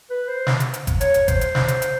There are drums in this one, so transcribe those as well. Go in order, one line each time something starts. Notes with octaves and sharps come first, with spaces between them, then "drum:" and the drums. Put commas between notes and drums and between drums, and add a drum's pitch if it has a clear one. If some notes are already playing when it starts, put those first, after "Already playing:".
B4
C5
drum: snare
drum: hi-hat
drum: hi-hat
drum: kick G1, hi-hat
C#5, drum: hi-hat
drum: hi-hat
C5, drum: kick G1, hi-hat
drum: hi-hat
drum: snare
drum: hi-hat
drum: hi-hat